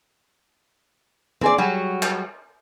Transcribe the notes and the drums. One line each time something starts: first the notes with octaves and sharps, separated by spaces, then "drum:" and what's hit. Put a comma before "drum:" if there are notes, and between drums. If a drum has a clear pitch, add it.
C4 G#4 D5, drum: tom D#3
F#3 G3 F#4 G#4
drum: clap